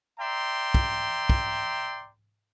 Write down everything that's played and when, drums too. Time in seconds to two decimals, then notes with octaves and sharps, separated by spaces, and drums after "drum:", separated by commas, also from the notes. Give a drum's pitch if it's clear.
0.19 D5 E5 G5 A#5 C6
0.74 drum: kick
1.29 drum: kick